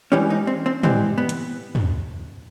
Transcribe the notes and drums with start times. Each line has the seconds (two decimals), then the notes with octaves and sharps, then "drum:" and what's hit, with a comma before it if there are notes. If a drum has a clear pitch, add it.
0.12 G#2 E3 G3 C#4
0.30 D#4
0.47 C4
0.66 C4
0.83 G#2 E3 G3 C4, drum: tom
1.18 B3
1.29 drum: hi-hat
1.75 drum: tom